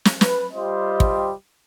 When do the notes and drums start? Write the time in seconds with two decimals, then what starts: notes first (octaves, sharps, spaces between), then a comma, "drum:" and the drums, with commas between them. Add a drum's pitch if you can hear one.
0.05 drum: snare
0.21 B4, drum: snare
0.54 G3 F4 G4 C5 D#5
1.00 drum: kick